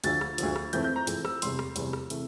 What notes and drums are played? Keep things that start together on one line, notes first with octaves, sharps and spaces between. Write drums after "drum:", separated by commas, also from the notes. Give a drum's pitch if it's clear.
D2 D3 F3 A6, drum: hi-hat
drum: rim click
D2 D3 F3, drum: hi-hat
drum: rim click
F2 E3 A3 C4 G6, drum: hi-hat
G6
A#5
F2 E3 A3 C4, drum: hi-hat
E6, drum: rim click
F1 E2 C3 G3 C6, drum: hi-hat
drum: rim click
F1 E2 C3 G3, drum: hi-hat
drum: rim click
C3 E3 A3, drum: hi-hat